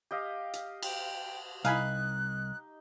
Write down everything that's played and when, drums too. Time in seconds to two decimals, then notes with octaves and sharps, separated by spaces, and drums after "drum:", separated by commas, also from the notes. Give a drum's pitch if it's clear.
0.11 G4 D#5 F5
0.53 drum: hi-hat
0.83 G5, drum: cymbal
1.65 C2 D#4 F5 G#5 B5 F#6, drum: hi-hat